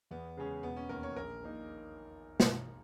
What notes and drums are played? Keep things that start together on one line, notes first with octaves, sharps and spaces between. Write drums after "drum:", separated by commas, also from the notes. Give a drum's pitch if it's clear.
E2 B3
C#3 G#3 C#4 G#4
E1 B3
C#4
D#2 D#3 A#4
C#5
A#1 A#4
A#2 A#3 D#4
drum: snare